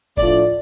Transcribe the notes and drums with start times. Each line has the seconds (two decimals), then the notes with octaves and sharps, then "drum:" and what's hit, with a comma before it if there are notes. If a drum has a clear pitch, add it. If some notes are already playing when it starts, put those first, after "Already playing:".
0.17 A2 F3 A3 D4 F4 D5, drum: kick F1